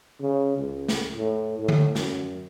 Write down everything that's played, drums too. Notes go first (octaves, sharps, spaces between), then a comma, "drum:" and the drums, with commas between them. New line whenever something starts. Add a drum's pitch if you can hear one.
C#3
C#2
drum: snare
A2
A2
drum: tom D3
F#2, drum: snare